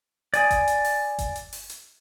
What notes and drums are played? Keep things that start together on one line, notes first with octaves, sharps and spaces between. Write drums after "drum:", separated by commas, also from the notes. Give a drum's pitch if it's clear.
D5 G#5 D#6, drum: hi-hat
drum: kick G1, hi-hat
drum: hi-hat
drum: open hi-hat
drum: kick G1, hi-hat
drum: hi-hat
drum: open hi-hat
drum: hi-hat